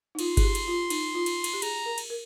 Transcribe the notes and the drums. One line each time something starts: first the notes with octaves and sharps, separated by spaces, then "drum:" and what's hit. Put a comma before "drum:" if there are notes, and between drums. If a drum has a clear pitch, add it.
D#4
F4 C6, drum: cymbal
G#4, drum: kick G1, cymbal
G4
drum: cymbal
F4
D#4, drum: cymbal
F4
drum: cymbal
drum: cymbal
G4
G#4 A#5, drum: cymbal
A#4
drum: cymbal
A#4